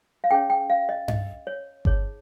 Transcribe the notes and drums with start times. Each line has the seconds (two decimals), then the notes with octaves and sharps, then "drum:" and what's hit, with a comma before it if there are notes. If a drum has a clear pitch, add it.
0.24 F5
0.31 C#4 G#4 C#5 G5
0.50 G5
0.70 F5
0.89 D#5
1.08 D#5, drum: tom G2
1.47 C#5
1.85 D#4 G#4 C#5, drum: kick G1